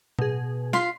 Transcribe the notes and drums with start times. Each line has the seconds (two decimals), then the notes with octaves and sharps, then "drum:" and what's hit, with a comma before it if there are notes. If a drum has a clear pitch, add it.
0.19 B2 G#4, drum: tom A2
0.73 F4 C6 B6 C7, drum: snare